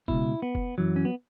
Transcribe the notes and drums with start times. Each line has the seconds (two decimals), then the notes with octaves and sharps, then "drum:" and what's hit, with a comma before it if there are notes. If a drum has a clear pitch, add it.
0.08 C#2 B2 E4, drum: kick F1
0.42 B3
0.55 drum: kick F1
0.78 F#2 E3 F#3
0.96 C#4
1.05 B3